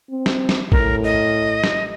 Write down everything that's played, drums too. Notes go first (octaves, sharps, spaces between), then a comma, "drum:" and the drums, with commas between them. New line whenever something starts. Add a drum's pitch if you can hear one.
C4
drum: snare
drum: snare
A2 A#4, drum: kick
D#5
drum: snare